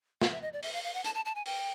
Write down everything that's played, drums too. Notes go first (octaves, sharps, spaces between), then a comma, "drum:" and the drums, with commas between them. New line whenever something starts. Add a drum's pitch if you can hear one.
F5, drum: snare
E5
D#5
D5
E5, drum: open hi-hat
F5
F5
F#5
A5, drum: hi-hat
A5
A5
G#5
G5, drum: open hi-hat